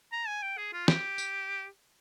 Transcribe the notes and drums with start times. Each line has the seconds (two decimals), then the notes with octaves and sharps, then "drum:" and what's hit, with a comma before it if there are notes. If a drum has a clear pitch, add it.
0.12 A#5
0.27 G#5
0.42 G5
0.57 G#4
0.73 F4
0.88 G4, drum: snare
1.18 drum: tambourine